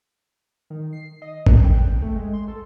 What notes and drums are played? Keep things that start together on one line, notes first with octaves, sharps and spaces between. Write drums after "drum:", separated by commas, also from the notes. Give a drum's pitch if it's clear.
D#3
C7
D#5
F#6, drum: kick
G5
A3
G#3
C6
A4